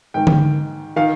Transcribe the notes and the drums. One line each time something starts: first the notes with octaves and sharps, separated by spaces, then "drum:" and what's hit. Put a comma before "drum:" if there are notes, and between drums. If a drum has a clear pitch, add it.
G#2 D#3 G5
drum: tom D3
D#3 F5